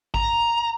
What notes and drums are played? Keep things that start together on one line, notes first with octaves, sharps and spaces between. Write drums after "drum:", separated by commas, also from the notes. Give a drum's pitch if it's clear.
A#5, drum: kick G#1